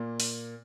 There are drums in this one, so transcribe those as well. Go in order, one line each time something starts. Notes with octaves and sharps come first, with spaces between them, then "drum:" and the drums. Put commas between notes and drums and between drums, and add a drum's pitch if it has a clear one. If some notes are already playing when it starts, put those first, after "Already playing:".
Already playing: A#2 A#3
drum: open hi-hat